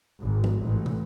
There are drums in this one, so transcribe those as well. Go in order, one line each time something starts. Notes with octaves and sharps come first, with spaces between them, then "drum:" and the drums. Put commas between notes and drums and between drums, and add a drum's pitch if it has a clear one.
G#1
drum: tom
A1
drum: tom